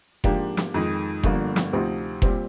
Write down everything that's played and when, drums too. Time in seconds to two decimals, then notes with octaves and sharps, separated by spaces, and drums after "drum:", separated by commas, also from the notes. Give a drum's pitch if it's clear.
0.24 G#2 F3 A#3 D4 G4, drum: kick F1
0.57 drum: snare
0.74 F2 D#3 G#3 D#4
1.23 G1 G2 D3 F3 A#3, drum: kick F1
1.56 drum: snare
1.73 D2 C3 F3 C4 D#4
2.22 A#2 G3 C4 G4, drum: kick F1